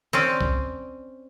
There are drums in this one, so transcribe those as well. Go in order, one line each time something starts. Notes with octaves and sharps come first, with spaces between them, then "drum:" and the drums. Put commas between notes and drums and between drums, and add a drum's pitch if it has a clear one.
C4 C#4 D5
drum: kick C2